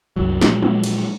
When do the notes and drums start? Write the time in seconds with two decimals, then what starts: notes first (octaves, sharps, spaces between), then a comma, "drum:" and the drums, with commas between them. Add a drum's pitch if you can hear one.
0.16 C2 F#2 F#3
0.41 A#2 F3 F#3 G#3, drum: snare
0.62 drum: tom
0.84 drum: cymbal